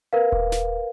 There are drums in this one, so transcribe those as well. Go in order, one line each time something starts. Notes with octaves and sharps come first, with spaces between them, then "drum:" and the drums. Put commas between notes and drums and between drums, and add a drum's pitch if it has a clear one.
A#4 B4 F5
drum: kick D#1
drum: snare